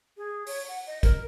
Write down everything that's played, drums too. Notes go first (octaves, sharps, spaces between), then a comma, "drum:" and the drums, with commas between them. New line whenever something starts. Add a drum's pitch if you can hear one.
G#4
C#5, drum: open hi-hat
F#5
D#5
A#4, drum: kick, hi-hat